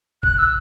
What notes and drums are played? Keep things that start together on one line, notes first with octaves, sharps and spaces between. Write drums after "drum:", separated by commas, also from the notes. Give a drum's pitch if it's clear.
F#6, drum: kick A#1
E6